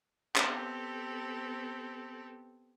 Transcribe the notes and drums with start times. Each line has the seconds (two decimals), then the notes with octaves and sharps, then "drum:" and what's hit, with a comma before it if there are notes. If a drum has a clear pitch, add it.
0.36 B3 C4 G4 A4, drum: clap